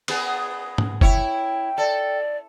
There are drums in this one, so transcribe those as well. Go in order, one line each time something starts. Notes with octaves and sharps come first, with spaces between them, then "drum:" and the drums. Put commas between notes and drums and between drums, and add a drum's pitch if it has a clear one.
B3 G#4, drum: cymbal
drum: tom G#2
E4 C#5 G5, drum: kick
A4 D5